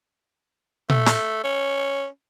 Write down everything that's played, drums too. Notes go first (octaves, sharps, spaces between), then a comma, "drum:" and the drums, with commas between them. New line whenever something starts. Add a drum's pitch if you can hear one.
A3, drum: tom A#2
drum: snare
C#4